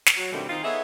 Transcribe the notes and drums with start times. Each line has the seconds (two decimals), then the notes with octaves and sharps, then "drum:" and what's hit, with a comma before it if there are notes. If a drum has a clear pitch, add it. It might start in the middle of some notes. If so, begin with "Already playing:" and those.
0.06 drum: snare
0.17 F#3
0.31 B2 D3 D#3 G3 A3 C4
0.48 D#3 C4 D#4 F4
0.63 B3 G#4 A4 C#5 D#5 E5